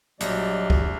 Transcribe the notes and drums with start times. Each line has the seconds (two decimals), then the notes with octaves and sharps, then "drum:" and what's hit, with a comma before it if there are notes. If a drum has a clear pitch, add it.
0.20 A#1 F#3 G3 D5 D#5, drum: hi-hat
0.70 drum: kick